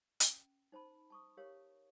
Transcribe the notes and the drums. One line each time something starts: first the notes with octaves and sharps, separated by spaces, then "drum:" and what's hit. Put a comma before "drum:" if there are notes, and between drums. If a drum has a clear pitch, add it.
C#4, drum: hi-hat
D#4 C5 A5 B5
A5 C#6 D#6
G4 A#4 C#5 F5